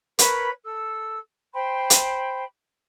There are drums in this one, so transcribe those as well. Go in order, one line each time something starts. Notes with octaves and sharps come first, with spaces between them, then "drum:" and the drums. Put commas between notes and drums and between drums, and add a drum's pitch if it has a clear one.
A#4 B4 C#5 B5, drum: hi-hat
A4 E6
C5 G5 B5 C6
drum: hi-hat